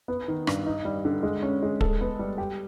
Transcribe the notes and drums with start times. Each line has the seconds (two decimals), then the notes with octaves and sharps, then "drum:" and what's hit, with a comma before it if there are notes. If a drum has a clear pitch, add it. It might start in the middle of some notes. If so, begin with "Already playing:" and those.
0.08 B3
0.28 D#3
0.47 G2, drum: rim click
0.66 D#4
0.85 G3
1.05 D3
1.23 G#3
1.43 C#4
1.62 G#3
1.81 A4, drum: kick
2.01 B3
2.19 G3
2.38 G4